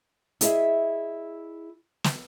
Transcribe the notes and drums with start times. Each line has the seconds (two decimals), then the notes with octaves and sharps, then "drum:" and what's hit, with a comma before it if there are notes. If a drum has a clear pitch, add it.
0.41 E4 G#4 D#5 E5, drum: hi-hat
2.04 drum: snare